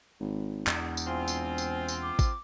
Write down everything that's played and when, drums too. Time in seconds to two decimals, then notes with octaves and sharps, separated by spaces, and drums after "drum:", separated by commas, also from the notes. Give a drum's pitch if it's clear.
0.20 G#1
0.67 E1 E2, drum: clap
0.97 drum: tambourine
1.07 C4 F4 G#5
1.28 drum: tambourine
1.58 drum: tambourine
1.88 drum: tambourine
2.02 D6
2.19 drum: kick G#1, tambourine